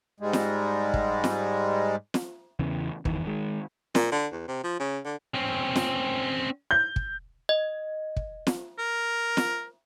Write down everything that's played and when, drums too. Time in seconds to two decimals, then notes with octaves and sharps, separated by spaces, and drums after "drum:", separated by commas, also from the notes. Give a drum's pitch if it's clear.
0.20 G#2 G3 G#3
0.33 drum: snare
0.94 drum: kick
1.24 drum: snare
2.14 drum: snare
2.59 E2 C#3 E3
3.05 G1 E2 D#3 E3, drum: kick
3.26 D#3 G#3
3.95 A#2, drum: snare
4.12 D3
4.32 E2
4.48 C3
4.64 F3
4.80 C#3
5.05 D3
5.34 C4 C#4
5.75 drum: snare
6.71 G6
6.96 drum: kick
7.49 D#5
8.16 drum: kick
8.47 drum: snare
8.79 A#4
9.37 drum: snare